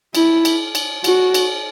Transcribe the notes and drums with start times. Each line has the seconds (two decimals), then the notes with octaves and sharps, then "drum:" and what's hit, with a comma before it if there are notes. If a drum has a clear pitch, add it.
0.15 E4, drum: cymbal
0.45 drum: cymbal
0.75 drum: cymbal
1.04 F#4, drum: cymbal
1.34 drum: cymbal